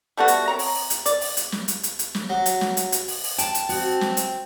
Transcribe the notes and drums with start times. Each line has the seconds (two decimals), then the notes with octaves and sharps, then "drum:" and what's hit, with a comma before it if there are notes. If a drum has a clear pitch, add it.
0.17 G3 A3 B3 F#4
0.28 drum: hi-hat
0.48 C4 C#5 A#5
0.59 drum: open hi-hat
0.74 drum: open hi-hat
0.90 drum: hi-hat
1.06 D5, drum: hi-hat
1.21 drum: open hi-hat
1.37 drum: hi-hat
1.52 drum: snare
1.68 drum: hi-hat
1.83 drum: hi-hat
1.99 drum: hi-hat
2.15 drum: snare
2.29 F#3
2.46 drum: hi-hat
2.61 drum: snare
2.77 drum: hi-hat
2.92 drum: hi-hat
3.08 drum: open hi-hat
3.23 drum: open hi-hat
3.38 G5 A5, drum: hi-hat
3.55 drum: hi-hat
3.69 C4 F#4, drum: open hi-hat
4.01 drum: snare
4.17 drum: hi-hat